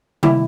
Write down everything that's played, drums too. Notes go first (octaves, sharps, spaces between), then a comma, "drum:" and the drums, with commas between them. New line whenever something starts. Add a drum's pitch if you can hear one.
D#3 G3 A#3 E4, drum: tom